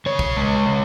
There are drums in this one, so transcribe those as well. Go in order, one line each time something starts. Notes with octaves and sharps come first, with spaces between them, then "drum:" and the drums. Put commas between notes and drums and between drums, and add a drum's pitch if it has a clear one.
C#3 C#5
drum: kick
G#3
C#3